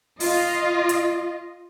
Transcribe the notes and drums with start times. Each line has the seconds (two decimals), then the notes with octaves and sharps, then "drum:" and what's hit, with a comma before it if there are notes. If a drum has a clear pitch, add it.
0.20 F4 D#5, drum: open hi-hat
0.89 drum: hi-hat